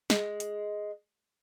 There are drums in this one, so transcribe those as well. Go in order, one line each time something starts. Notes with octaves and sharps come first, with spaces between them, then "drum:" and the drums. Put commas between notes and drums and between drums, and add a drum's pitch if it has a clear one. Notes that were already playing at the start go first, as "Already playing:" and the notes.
G#3, drum: snare
drum: hi-hat